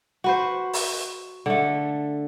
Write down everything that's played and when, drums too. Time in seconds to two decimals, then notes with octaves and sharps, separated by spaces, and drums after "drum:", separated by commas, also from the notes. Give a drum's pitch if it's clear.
0.24 F#4 B4 C5
0.73 drum: open hi-hat
1.46 D3 A3